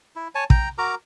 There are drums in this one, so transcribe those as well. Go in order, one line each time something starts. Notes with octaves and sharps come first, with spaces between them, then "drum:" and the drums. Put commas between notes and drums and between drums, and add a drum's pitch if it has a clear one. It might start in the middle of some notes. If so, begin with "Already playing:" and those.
E4
C#5 G#5 A5
G5 A#5, drum: kick
F#4 A#4 A#5 D6